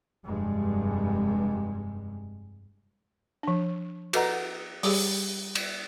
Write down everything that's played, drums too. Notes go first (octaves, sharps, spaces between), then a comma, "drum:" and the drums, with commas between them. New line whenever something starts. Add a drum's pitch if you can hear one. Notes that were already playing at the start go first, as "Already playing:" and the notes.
F1 G2 G#3
F3 D4
F#4 A4 B4 D#5 F#5 A#5, drum: cymbal
G3 G4 G#4, drum: open hi-hat
drum: cymbal